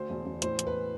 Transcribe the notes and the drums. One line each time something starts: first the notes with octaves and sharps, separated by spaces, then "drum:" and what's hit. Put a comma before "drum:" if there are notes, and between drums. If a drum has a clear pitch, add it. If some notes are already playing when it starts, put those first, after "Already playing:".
Already playing: D2 C5
E1
E1
A2 C5, drum: hi-hat
E3, drum: hi-hat
B4